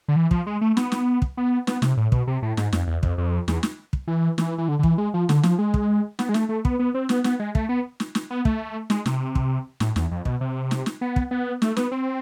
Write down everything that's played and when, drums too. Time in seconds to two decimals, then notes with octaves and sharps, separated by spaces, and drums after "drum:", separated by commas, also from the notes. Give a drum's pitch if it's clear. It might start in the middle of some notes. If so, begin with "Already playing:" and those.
0.08 D3
0.16 E3
0.31 F3, drum: kick
0.47 G#3
0.61 A3
0.77 B3, drum: snare
0.92 drum: snare
1.22 drum: kick
1.37 B3
1.67 B3, drum: snare
1.82 C3, drum: snare
1.97 A2
2.12 B2, drum: kick
2.27 C3
2.42 A2
2.57 G#2, drum: snare
2.72 F2, drum: snare
2.87 E2
3.03 F2, drum: kick
3.18 F2
3.48 E2, drum: snare
3.63 drum: snare
3.93 drum: kick
4.08 E3
4.38 E3, drum: snare
4.58 E3
4.68 D3
4.79 D3
4.83 E3, drum: kick
4.98 G#3
5.14 F3
5.29 D3, drum: snare
5.43 F3, drum: snare
5.59 G#3
5.74 drum: kick
6.19 B3, drum: snare
6.29 G#3
6.34 A3, drum: snare
6.49 A3
6.65 B3, drum: kick
6.79 B3
6.94 C4
7.09 B3, drum: snare
7.24 B3, drum: snare
7.40 G#3
7.55 A3, drum: kick
7.69 B3
8.00 drum: snare
8.15 drum: snare
8.30 B3
8.45 A3, drum: kick
8.90 G#3, drum: snare
9.06 C3, drum: snare
9.35 drum: kick
9.80 A2, drum: snare
9.96 E2, drum: snare
10.11 F2
10.25 B2, drum: kick
10.41 C3
10.71 drum: snare
10.86 drum: snare
11.01 B3
11.16 drum: kick
11.31 B3
11.62 A3, drum: snare
11.77 B3, drum: snare
11.92 C4